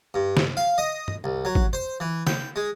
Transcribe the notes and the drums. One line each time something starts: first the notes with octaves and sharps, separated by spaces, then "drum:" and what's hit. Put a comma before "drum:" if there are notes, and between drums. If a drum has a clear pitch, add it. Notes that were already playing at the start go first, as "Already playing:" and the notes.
G2
drum: snare
F5
D#5
drum: tom
C2
F#3
drum: kick G#1
C5
E3
G5, drum: snare
G#3